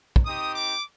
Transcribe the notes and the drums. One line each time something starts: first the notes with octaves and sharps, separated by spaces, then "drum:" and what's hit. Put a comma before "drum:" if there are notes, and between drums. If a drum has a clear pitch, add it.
drum: kick
C4 D#4 G4 D#6
D6